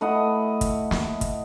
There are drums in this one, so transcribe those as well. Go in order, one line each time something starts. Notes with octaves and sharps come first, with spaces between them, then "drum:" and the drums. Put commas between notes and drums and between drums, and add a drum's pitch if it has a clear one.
A3 E4 D#5 F#5
drum: kick, hi-hat
drum: snare
drum: kick, hi-hat